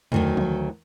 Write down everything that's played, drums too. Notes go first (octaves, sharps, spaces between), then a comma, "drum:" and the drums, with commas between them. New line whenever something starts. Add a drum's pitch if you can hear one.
D2 D#3 F#3, drum: tom
drum: tom E3